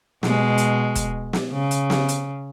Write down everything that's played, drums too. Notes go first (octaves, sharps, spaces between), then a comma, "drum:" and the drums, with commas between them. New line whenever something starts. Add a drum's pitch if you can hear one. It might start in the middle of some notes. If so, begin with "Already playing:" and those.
B2 G#3, drum: snare
drum: hi-hat
drum: kick, hi-hat
drum: snare
C#3
drum: hi-hat
drum: snare
drum: hi-hat